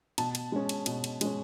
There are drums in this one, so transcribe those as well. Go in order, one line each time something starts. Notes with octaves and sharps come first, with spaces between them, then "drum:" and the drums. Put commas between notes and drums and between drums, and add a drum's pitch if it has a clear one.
B2 A5, drum: cymbal
drum: cymbal
G#3 C#4
drum: cymbal
B2, drum: cymbal
drum: cymbal
G#3 C#4, drum: cymbal